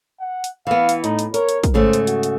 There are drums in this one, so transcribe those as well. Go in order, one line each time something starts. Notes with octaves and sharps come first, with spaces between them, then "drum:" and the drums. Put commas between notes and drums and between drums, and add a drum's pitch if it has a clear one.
F#5
drum: hi-hat
E3 B3 F5
drum: hi-hat
A2 D#4, drum: hi-hat
drum: hi-hat
A#4 C#5, drum: hi-hat
drum: hi-hat
drum: kick, hi-hat
G#2 C#3 A3 C5
drum: hi-hat
F#4, drum: hi-hat
drum: hi-hat